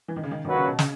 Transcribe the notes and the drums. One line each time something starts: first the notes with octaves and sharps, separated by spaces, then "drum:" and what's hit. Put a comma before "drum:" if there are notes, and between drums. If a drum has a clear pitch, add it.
E3
D#3
C#3
D#3
A#2 D#3 F#3 C#4 F#4 B4
C#3
B2
C#3, drum: snare